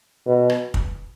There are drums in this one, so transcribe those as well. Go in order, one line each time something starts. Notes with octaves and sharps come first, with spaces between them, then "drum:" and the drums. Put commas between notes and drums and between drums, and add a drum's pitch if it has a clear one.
B2
drum: rim click
drum: kick